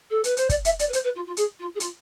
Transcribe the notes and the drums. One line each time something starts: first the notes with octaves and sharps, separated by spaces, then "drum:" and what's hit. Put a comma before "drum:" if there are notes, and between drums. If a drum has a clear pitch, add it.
A4
B4, drum: hi-hat
C5, drum: hi-hat
D5, drum: kick, hi-hat
E5, drum: hi-hat
D5, drum: hi-hat
B4
C5, drum: hi-hat
B4
F4
F4
G#4, drum: hi-hat
F4
G#4
F4, drum: hi-hat